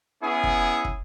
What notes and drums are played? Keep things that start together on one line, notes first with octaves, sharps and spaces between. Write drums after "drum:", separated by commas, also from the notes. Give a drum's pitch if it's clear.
B3 C#4 E4 G#4
drum: kick
drum: kick